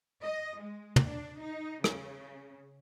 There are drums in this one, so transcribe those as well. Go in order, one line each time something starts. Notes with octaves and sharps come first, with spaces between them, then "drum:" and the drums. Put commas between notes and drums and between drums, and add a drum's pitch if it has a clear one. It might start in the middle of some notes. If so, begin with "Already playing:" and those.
D#5
G#3
drum: tom
D4
D#4
C#3, drum: rim click